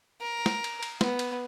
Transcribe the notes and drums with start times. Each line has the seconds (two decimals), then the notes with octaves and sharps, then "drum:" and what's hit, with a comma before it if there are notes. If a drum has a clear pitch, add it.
0.21 A#4
0.46 drum: snare
0.64 drum: cymbal
0.83 drum: cymbal
1.01 B3, drum: snare
1.19 drum: cymbal